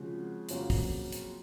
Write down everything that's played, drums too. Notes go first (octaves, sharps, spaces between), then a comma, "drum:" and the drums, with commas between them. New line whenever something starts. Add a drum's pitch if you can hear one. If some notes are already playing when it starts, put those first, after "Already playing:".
Already playing: C#3 F3 G#3 C4 F#4
F2 C#3 F#3 A#3 F4, drum: hi-hat
drum: kick, open hi-hat
drum: hi-hat